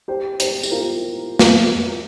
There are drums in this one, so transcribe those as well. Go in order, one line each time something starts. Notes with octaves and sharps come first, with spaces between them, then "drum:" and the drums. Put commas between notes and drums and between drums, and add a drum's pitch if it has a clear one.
G4 C5
G4 C5, drum: hi-hat
G4, drum: tambourine
F4 A#4
drum: snare